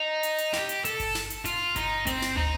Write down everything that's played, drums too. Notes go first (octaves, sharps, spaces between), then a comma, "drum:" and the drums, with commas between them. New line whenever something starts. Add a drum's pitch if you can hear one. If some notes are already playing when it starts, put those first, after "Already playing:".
Already playing: D#4
drum: hi-hat
drum: hi-hat
G4, drum: snare
drum: hi-hat
A4, drum: hi-hat
drum: kick G1, open hi-hat
drum: snare
drum: hi-hat
F4, drum: hi-hat
D#4, drum: kick G1, hi-hat
C4, drum: kick G1, hi-hat
drum: snare
D#4, drum: tom